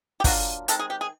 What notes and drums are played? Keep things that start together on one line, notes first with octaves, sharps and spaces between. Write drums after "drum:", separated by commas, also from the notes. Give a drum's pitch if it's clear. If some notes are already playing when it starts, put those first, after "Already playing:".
G4
F#3 A#3 D4 F4 F#4, drum: kick, open hi-hat
D#3 G#3 C4 A4, drum: hi-hat
G#4
G4
G#4